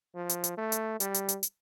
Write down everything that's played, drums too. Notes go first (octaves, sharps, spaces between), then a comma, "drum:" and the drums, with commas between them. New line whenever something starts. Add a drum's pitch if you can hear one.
F3
drum: hi-hat
drum: hi-hat
A3
drum: hi-hat
G3, drum: hi-hat
drum: hi-hat
drum: hi-hat
drum: hi-hat